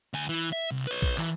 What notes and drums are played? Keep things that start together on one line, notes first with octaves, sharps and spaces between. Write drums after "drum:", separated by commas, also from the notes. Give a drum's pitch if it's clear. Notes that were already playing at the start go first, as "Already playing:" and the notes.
D2 G#5
E3
E5
C2
B4 C#5
drum: kick A#1
E3, drum: clap